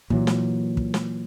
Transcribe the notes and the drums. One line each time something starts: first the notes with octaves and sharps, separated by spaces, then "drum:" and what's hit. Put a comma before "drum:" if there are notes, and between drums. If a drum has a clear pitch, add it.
A#2 E3 F#3, drum: kick
drum: snare
drum: kick
drum: snare